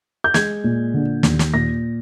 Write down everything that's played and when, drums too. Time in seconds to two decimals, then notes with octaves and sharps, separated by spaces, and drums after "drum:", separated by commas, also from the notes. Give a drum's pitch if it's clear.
0.24 G6
0.34 G#3 G#6, drum: snare
0.64 A#2
0.94 D3
1.23 D#2, drum: snare
1.39 drum: snare
1.54 A#2 A#6